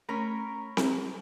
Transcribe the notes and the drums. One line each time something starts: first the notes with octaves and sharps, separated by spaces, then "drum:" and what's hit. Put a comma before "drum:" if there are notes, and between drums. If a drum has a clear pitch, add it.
A3 C#4 A#4 A#5 B5
drum: snare C4